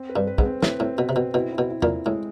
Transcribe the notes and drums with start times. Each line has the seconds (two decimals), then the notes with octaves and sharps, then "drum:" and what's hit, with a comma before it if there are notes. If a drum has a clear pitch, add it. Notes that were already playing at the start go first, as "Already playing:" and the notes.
Already playing: C4
0.09 B4
0.16 G2
0.27 B4
0.38 G#2, drum: kick
0.45 C4
0.63 A2 B4, drum: snare
0.80 A2 C4
0.98 B2 B4
1.09 C3
1.16 B2 C4
1.34 B2 E4
1.52 E4
1.58 B2
1.70 E4
1.82 A#2, drum: tom E2
1.88 E4
2.05 A2 G#3